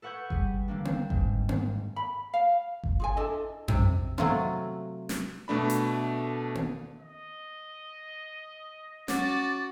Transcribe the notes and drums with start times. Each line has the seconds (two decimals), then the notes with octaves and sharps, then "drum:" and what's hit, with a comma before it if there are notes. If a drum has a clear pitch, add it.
0.02 A4 B4 F#5 C#6 G6 G#6
0.30 G3 G#4, drum: kick G1
0.68 D3 A#3 D4
0.85 C4, drum: tom A#3
1.10 G#2, drum: kick G1
1.49 G#2, drum: tom A#3
1.96 B5
2.34 F5
2.84 drum: kick G1
3.00 F4 G#4 G#5
3.17 D4 E4 A4 D#5
3.68 C3, drum: tom F2
4.18 C3 F#3 A3 F4, drum: tom A#3
5.09 drum: snare
5.48 B2 A3 D4 B5
5.70 drum: hi-hat
6.55 drum: tom A#3
6.99 D#5
9.08 C#4 F#4 D6 A6, drum: snare